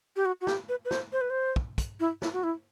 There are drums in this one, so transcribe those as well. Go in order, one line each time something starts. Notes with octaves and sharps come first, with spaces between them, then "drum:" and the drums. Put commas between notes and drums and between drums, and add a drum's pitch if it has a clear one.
G4
F#4
F#4
G4, drum: snare
B4
B4
C5, drum: snare
C5
B4
C5
drum: kick
drum: kick, hi-hat
E4
E4, drum: snare
F#4
E4